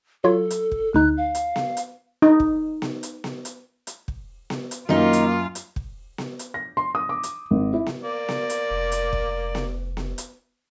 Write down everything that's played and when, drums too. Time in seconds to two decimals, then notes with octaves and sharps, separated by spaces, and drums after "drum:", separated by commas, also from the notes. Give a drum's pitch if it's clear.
0.24 F#3 F4 A4 C#5
0.50 drum: hi-hat
0.71 drum: kick
0.94 D2 D#4 F#6
1.17 F5
1.35 drum: hi-hat
1.56 drum: snare B3
1.77 drum: hi-hat
2.22 D#4
2.40 drum: kick
2.82 drum: snare B3
3.03 drum: hi-hat
3.24 drum: snare B3
3.45 drum: hi-hat
3.87 drum: hi-hat
4.08 drum: kick
4.50 drum: snare B3
4.71 drum: hi-hat
4.89 F#2 D#3 A#3 D#4 F4
5.13 drum: hi-hat
5.55 drum: hi-hat
5.76 drum: kick
6.18 drum: snare B3
6.39 drum: hi-hat
6.54 A#6
6.77 C6
6.95 D#6
7.09 D6
7.23 drum: hi-hat
7.51 G#1
7.74 E4
7.86 drum: snare B3
8.04 A#3 D5
8.29 drum: snare B3
8.50 drum: hi-hat
8.71 F1
8.92 drum: hi-hat
9.13 drum: kick
9.55 drum: snare B3
9.97 drum: snare B3
10.18 drum: hi-hat